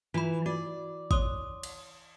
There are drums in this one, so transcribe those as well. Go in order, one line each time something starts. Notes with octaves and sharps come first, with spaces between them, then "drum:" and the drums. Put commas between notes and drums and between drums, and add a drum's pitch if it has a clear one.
E3 F4 B5
F#4 D5
C#5 C6 D#6, drum: kick G#1
drum: cymbal